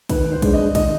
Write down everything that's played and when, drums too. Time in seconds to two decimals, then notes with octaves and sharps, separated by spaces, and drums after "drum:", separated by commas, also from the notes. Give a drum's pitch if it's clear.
0.09 D#3 B4, drum: kick, cymbal
0.32 C5
0.42 G#3 D4, drum: kick, cymbal
0.53 D#5
0.75 D#3 D#5, drum: kick, cymbal